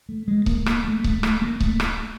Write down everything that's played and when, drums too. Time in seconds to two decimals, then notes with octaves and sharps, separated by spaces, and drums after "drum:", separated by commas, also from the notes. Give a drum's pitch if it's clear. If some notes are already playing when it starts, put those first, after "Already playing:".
0.09 A3
0.28 G#3
0.46 A#3, drum: kick C#1
0.66 A#3, drum: rim click
0.85 A3
1.04 A3, drum: kick C#1
1.23 A3, drum: rim click
1.42 A#3
1.60 A3, drum: kick C#1
1.80 drum: rim click